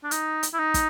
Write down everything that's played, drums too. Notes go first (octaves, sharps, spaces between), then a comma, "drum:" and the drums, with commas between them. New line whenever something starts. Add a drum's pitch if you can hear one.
D4
D#4, drum: hi-hat
drum: hi-hat
E4
D#4
drum: kick, hi-hat